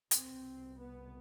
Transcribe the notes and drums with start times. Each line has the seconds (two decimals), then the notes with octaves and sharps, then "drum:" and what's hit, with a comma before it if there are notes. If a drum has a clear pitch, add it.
0.11 C2 B2 C4, drum: hi-hat
0.80 B3